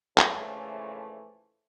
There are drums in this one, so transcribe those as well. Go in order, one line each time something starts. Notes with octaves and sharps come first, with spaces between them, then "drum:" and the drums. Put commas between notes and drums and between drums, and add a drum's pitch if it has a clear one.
A#1 A2 C#3 E3 F3 A3, drum: clap